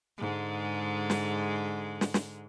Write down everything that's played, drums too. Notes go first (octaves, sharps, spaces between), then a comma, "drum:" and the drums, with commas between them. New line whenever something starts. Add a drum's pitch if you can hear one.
G#2 D3 G#3
drum: snare
drum: snare
drum: snare